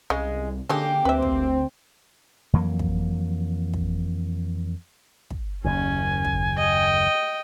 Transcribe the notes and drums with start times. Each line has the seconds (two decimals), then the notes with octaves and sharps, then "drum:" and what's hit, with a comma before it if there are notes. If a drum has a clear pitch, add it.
0.10 C2 C#3 G#3
0.69 D3 G#3 A#3 C#4 G4 A4
1.05 D2 C4 B4 E5
1.22 drum: kick
2.53 F2 E3 F#3 A#3
2.79 drum: kick
3.74 drum: kick
5.30 drum: kick
5.64 F#1 D#2 C#4 G#5
6.25 drum: kick
6.56 D#5 G5